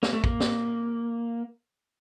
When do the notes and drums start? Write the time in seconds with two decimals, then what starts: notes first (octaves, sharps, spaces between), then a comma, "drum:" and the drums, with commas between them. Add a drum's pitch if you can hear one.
0.03 A#3, drum: snare
0.13 A3
0.24 A#3, drum: kick
0.40 drum: snare